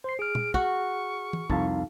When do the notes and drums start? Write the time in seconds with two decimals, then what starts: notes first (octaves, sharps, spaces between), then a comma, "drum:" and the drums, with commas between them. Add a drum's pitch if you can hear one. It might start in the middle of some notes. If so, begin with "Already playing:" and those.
0.04 C5 C6 C7
0.19 G#4 F6 D7
0.35 drum: tom
0.54 F#4 C#6, drum: kick
1.33 drum: tom
1.50 C2 F2 D#4 F5 A5, drum: kick